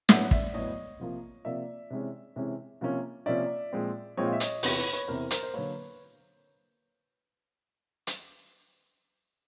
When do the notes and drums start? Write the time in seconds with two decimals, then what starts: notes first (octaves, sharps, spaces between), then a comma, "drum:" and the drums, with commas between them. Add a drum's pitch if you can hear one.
0.09 A2 F#3 B3 E5 F#5, drum: snare
0.31 D5 E5, drum: kick
0.54 A2 F#3 B3 C#5 D#5
0.99 C3 F3 A#3
1.45 C3 F3 A#3 D5 E5
1.90 C3 E3 G#3 C#4
2.36 C3 E3 G#3 C#4
2.81 C3 F3 A#3 C#4
3.26 C3 F3 A#3 C#4 D5 E5
3.72 A#2 F3 G#3 C4
4.17 A#2 F3 G#3 C4 C#5 D#5
4.26 F5
4.33 E5
4.40 C#5 D#5, drum: hi-hat
4.63 E2 C3 E3 B4 C#5, drum: open hi-hat
4.78 B4 C#5
4.93 B4 C#5
5.08 E2 C3 E3 A#4 C5
5.31 A#4 C5, drum: hi-hat
5.43 C5
5.54 D3 F#3 A#3 B4 C#5
8.07 drum: hi-hat